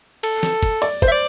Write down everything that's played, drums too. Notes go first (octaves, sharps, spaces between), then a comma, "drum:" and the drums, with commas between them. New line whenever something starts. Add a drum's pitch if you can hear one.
A4, drum: cymbal
drum: snare
drum: kick, cymbal
D5, drum: cymbal
C5, drum: kick, cymbal
E5
D5